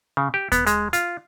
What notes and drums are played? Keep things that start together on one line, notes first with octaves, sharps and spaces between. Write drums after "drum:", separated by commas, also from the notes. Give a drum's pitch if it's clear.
C#3
G4
B3, drum: kick D#2, hi-hat
G#3, drum: hi-hat
F4, drum: hi-hat